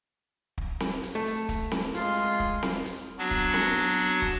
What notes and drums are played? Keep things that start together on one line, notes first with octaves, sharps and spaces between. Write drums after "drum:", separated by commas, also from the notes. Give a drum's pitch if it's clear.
drum: kick
drum: snare C4
drum: hi-hat
A3
drum: hi-hat
drum: kick, hi-hat
drum: snare C4
G#3 F4, drum: hi-hat
drum: hi-hat
drum: kick
drum: snare C4
drum: hi-hat
F#3 B3 D4 F#4
drum: kick, hi-hat
drum: snare C4
drum: hi-hat
drum: hi-hat
drum: kick, hi-hat